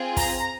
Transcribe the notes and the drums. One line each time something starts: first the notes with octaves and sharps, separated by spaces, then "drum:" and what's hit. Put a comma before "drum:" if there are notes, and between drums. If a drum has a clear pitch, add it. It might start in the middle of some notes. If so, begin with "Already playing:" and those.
Already playing: C4 F4 G#4
A#5, drum: kick, open hi-hat